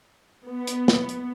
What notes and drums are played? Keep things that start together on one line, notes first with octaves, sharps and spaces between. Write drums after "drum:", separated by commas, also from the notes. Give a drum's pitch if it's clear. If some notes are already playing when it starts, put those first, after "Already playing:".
B3
drum: hi-hat
drum: snare
drum: hi-hat